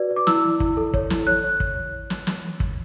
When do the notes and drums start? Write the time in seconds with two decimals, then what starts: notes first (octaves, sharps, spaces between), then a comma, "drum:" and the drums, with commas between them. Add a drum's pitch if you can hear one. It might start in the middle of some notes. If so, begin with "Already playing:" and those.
Already playing: F#4 B4 D5
0.10 D5
0.16 D6
0.27 E4 E6, drum: snare
0.43 E4
0.60 E4, drum: kick
0.77 A4
0.94 C#5, drum: kick
1.10 E4, drum: snare
1.27 C#5 F#6
1.44 C#5
1.60 drum: kick
2.10 drum: snare
2.27 drum: snare
2.60 drum: kick